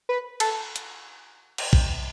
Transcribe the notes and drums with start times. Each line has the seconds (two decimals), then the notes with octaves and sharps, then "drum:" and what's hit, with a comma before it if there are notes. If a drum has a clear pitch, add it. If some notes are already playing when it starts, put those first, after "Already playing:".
0.09 B4
0.40 A4, drum: cymbal
0.76 drum: hi-hat
1.58 drum: cymbal
1.73 drum: kick